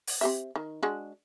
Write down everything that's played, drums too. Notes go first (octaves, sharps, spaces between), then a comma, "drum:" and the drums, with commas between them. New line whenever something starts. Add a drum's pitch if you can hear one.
drum: open hi-hat
C4 G4 E5
D#3
G#3 D4 F#4